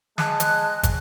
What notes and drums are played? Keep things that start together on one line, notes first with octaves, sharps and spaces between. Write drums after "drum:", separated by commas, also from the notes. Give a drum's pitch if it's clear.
G#3 A5 F#6, drum: snare
drum: hi-hat
drum: kick, hi-hat